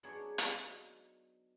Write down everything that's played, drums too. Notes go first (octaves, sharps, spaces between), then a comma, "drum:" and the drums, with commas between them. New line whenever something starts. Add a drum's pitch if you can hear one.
F#3 B3 D4 D#4 G#4 C#5
drum: hi-hat